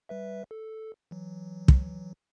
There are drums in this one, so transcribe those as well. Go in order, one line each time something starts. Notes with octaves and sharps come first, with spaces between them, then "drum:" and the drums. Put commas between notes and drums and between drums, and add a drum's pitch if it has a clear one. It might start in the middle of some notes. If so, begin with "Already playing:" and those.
G3 B4 E5
A4
E3 F#3
drum: kick